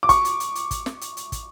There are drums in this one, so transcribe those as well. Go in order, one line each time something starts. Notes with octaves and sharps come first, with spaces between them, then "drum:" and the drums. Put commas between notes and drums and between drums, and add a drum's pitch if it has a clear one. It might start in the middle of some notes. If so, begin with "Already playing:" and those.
D6
C#6, drum: kick, hi-hat
drum: hi-hat
drum: hi-hat
drum: hi-hat
drum: kick, hi-hat
drum: snare
drum: hi-hat
drum: hi-hat
drum: kick, hi-hat